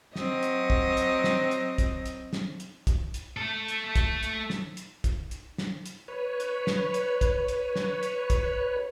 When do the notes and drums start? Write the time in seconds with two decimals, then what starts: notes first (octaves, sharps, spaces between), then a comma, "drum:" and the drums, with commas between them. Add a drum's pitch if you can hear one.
0.16 F#3 C4 D#5, drum: snare
0.43 drum: hi-hat
0.70 drum: kick
0.97 drum: hi-hat
1.24 drum: snare
1.51 drum: hi-hat
1.78 drum: kick, hi-hat
2.06 drum: hi-hat
2.33 drum: snare
2.60 drum: hi-hat
2.87 drum: kick, hi-hat
3.14 drum: hi-hat
3.37 A3 A4
3.68 drum: hi-hat
3.96 drum: kick, hi-hat
4.23 drum: hi-hat
4.50 drum: snare
4.77 drum: hi-hat
5.04 drum: kick, hi-hat
5.31 drum: hi-hat
5.58 drum: snare
5.86 drum: hi-hat
6.08 B4 C#5
6.40 drum: hi-hat
6.67 drum: snare
6.94 drum: hi-hat
7.21 drum: kick, hi-hat
7.48 drum: hi-hat
7.76 drum: snare
8.03 drum: hi-hat
8.30 drum: kick, hi-hat